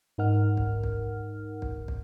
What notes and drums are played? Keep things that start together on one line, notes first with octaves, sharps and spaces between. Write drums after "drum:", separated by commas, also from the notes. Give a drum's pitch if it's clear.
G#2 D#4 A#4 F#5 F6
drum: kick
drum: kick
drum: kick
drum: kick